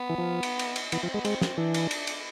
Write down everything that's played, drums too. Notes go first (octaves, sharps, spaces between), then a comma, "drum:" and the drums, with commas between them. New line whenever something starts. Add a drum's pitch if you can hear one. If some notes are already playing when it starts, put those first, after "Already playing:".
Already playing: B3
E3
F3
drum: cymbal
drum: cymbal
drum: cymbal
E3 B3, drum: cymbal
F3 C4
G#3 B3
G#3 C4, drum: cymbal
drum: snare
E3 D4
drum: cymbal
drum: cymbal
drum: cymbal